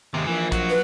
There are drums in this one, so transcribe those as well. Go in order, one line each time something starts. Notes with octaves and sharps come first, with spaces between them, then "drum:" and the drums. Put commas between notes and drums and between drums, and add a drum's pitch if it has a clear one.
D#2 C3 G#3
E3 F3 A#3
F#3, drum: kick, hi-hat
B4